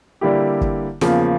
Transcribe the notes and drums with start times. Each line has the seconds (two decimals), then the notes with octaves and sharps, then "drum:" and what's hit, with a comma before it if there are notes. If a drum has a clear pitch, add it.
0.21 D3 G3 A#3 E4 G4
0.61 drum: kick
1.01 E2 C#3 F3 A#3, drum: snare